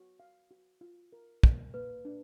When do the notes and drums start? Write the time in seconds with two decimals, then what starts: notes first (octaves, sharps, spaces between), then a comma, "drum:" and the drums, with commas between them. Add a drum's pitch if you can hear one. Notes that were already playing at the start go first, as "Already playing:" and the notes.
Already playing: F#4
0.20 F5
0.51 F#4
0.81 F4
1.13 A#4
1.43 A#4, drum: kick
1.74 A#3 B4
2.05 D4